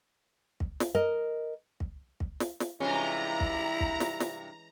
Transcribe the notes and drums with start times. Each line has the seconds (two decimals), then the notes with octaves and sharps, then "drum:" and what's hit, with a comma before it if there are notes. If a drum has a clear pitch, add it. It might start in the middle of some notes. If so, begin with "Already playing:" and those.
0.60 drum: kick
0.80 drum: snare
0.95 A#4 D#5
1.80 drum: kick
2.20 drum: kick
2.40 drum: snare
2.60 drum: snare
2.80 G2 C3 E3 G#3 C#4 E4 F4 A#5
3.40 drum: kick
3.80 drum: kick
4.00 drum: snare
4.20 drum: snare